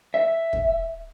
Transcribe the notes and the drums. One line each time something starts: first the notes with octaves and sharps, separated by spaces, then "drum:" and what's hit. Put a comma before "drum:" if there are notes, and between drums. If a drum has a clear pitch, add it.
E5
drum: kick